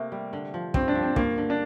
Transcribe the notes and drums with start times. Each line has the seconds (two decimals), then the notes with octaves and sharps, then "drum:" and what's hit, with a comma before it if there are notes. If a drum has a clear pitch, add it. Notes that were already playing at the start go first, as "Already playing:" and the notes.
Already playing: C3 A3 A#3
0.12 G3
0.33 D3
0.54 F3
0.74 G2 C4, drum: kick
0.88 D4
0.95 F3
1.03 C4
1.16 G2 A#3, drum: kick
1.38 D3
1.50 D4